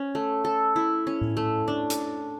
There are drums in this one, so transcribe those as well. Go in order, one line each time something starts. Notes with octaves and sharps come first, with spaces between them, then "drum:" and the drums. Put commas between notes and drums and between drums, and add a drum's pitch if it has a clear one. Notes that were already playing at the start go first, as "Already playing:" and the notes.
Already playing: C#4
A3
A4
E4
C#4
drum: tom A2
A3
D4
drum: hi-hat